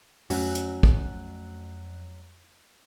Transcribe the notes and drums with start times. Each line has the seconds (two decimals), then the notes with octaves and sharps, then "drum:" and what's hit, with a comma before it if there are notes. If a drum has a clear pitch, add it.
0.30 F2 F#3 A3 C#4 F#4 F#6, drum: open hi-hat
0.55 drum: hi-hat
0.83 drum: kick